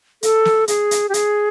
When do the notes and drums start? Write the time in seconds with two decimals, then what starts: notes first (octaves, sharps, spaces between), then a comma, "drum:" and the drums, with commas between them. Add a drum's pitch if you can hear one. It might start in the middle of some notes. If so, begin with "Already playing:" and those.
0.23 A4, drum: hi-hat
0.45 drum: snare
0.68 G#4, drum: hi-hat
0.91 drum: hi-hat
1.09 G4
1.14 G#4, drum: hi-hat